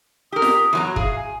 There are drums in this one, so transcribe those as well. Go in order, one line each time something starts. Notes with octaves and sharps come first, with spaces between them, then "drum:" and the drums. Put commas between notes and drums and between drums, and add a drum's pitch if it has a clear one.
G4 A#4 D#6
drum: snare F4
E2 F#3 A#5
G#4 F5, drum: kick
G#5